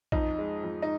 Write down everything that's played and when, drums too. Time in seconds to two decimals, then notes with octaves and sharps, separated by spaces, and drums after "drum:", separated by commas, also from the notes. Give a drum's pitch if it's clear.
0.12 F2 D#4, drum: kick A#1
0.38 G#3
0.64 F2
0.82 D#4